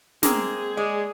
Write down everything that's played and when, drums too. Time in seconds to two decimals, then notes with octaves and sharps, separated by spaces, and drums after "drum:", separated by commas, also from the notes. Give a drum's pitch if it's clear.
0.23 G#3 A#3 C4 G#4, drum: snare
0.77 G#3 D5